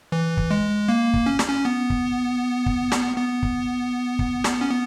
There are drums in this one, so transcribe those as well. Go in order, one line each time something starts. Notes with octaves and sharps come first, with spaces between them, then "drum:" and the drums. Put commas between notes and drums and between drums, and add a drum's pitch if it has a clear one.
E3
drum: kick
G#3
A#3
drum: kick
C#4
drum: snare
C#4
B3
drum: kick
drum: kick
drum: snare
B3
drum: kick
drum: kick
drum: snare
C#4
B3